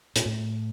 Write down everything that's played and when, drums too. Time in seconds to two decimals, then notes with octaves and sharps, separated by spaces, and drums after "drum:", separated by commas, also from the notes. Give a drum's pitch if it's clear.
0.16 A#2, drum: hi-hat
0.25 A2